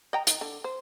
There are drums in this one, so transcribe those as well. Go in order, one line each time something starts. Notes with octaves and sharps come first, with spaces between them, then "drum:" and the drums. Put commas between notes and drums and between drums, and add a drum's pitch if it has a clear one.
D#5 G5 A#5
D#3, drum: hi-hat
D3
C5